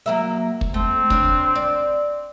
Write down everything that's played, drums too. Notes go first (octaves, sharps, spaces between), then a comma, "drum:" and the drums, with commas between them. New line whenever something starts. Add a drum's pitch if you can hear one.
F#3 A#3 E5
drum: kick
A3 C4
C#3 D4, drum: kick
D5